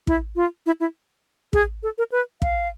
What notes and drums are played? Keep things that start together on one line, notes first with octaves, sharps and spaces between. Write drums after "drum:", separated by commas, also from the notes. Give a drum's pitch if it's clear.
E4, drum: kick
F4
E4
E4
G#4, drum: kick
A4
A#4
B4
F5, drum: kick